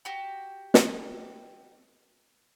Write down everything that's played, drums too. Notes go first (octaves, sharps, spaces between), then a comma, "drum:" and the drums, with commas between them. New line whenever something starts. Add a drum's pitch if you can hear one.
F#4 G4
drum: snare